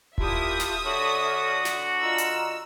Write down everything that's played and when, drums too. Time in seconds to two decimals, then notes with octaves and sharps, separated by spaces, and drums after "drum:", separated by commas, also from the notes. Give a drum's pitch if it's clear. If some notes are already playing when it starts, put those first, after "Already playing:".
0.18 A#2 E4 F4 G4 E5 A5 D#6, drum: kick D#1
0.60 drum: snare
0.85 D3 F#4 A4 C#5 F6
1.65 drum: snare
2.02 F4 D#5 A#5 E6
2.18 drum: hi-hat